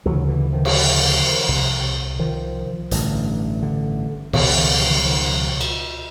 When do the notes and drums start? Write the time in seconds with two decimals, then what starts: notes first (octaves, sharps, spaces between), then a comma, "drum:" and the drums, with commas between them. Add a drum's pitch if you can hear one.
0.05 D2 C#3 E3 F#3
0.29 D3 E3
0.52 D#3 F3
0.65 drum: cymbal
1.49 C2 C3
2.19 D#3 F3
2.91 A1 G2 D3, drum: hi-hat
3.63 D3
4.33 C#2 B2 D#3, drum: cymbal
4.50 E3
4.57 D#3 F3
4.81 D3 E3
4.96 F#3
5.05 D#3 F3
5.61 drum: cymbal